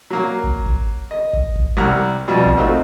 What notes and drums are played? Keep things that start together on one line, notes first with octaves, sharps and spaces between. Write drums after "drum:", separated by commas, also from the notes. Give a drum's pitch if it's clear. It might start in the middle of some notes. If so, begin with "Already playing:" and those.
F#3 A#3
drum: kick
drum: kick
D#5
drum: kick
drum: kick
C2 G3 F#5 A#5 F6
F2 B2 G3
drum: kick
A3 C4 D#4 F4 F#4